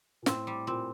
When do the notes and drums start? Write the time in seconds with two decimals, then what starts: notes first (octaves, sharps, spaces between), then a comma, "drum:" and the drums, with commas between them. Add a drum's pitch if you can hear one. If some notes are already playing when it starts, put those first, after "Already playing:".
0.22 A#2
0.26 A2 C4, drum: snare
0.47 G3
0.67 A#2 C4